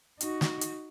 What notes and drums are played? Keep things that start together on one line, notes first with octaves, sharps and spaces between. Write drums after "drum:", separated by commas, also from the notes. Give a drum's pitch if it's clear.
D#4 F#4, drum: hi-hat
drum: snare
drum: hi-hat